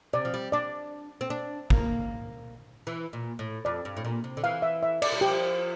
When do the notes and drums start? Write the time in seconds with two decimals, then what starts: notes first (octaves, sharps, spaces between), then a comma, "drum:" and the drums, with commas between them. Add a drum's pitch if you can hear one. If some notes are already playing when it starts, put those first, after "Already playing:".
0.13 C3 D5
0.25 F3
0.34 G3
0.52 D4 D5
1.21 C4
1.30 D4
1.70 A#3, drum: kick
2.87 E3
3.13 A#2
3.39 A2
3.65 F2 D5
3.85 G2
3.97 A2
4.05 A#2
4.24 C3
4.37 D3
4.44 E3 F5
4.62 E5
4.83 E5
5.02 D5, drum: cymbal
5.12 G3
5.21 F3 G4